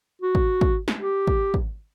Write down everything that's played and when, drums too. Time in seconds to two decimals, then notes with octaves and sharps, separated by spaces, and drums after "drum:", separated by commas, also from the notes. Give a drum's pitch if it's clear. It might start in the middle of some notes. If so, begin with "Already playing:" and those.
0.21 F#4
0.35 drum: kick
0.61 drum: kick
0.88 drum: snare
1.00 G4
1.27 drum: kick
1.54 drum: kick